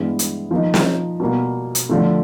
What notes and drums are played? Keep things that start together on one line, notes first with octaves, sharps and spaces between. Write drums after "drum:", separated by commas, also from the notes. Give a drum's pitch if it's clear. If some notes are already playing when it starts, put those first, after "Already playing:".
Already playing: G2 E3 G#3 B3
drum: hi-hat
F3 A#3 D#4
drum: snare
B2 G3 A#3
drum: hi-hat
D3 F3 A3